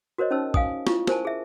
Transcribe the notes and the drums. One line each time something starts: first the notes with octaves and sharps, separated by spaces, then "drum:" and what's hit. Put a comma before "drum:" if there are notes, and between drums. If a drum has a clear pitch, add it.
F#4 A#4 C5 C#5 D#5
C#4 D#4 C5 A5 E6
F5 G#5 D#6, drum: kick
E4 F4 C#6, drum: snare
A#4 C5 G#5 A5, drum: snare
G#4 E5